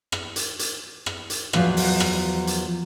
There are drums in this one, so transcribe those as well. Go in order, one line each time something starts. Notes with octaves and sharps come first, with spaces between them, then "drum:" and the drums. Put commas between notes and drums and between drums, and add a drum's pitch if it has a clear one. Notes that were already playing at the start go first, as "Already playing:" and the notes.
drum: rim click
drum: hi-hat
drum: hi-hat
drum: rim click
drum: hi-hat
E2 F3 F#3, drum: rim click
drum: open hi-hat
drum: rim click
drum: hi-hat